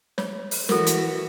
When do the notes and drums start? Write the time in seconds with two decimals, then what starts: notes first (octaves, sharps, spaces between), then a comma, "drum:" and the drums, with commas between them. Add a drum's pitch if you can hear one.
0.18 C#5, drum: snare
0.51 drum: open hi-hat
0.69 E3 F#4 A4 A#4, drum: snare
0.87 drum: hi-hat